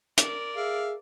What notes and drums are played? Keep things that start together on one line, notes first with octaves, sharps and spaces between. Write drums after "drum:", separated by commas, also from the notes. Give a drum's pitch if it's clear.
A#4 D5, drum: hi-hat
G#4 E5 F5